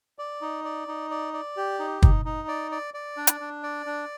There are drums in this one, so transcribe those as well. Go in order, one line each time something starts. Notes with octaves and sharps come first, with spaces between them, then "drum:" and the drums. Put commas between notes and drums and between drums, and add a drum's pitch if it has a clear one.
D5
D#4
D5
D#4
D5
D5
G4
D#4
D#4, drum: kick
D#4
D5
D5
D5
D4
drum: hi-hat
D4
D5
D4